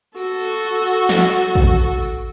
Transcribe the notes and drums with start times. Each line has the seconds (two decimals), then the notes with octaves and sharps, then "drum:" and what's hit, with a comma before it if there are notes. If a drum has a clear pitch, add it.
0.17 F#4 A4, drum: tambourine
0.40 drum: tambourine
0.63 drum: tambourine
0.86 drum: tambourine
1.09 drum: snare
1.32 drum: tambourine
1.55 drum: kick
1.78 drum: tambourine
2.02 drum: tambourine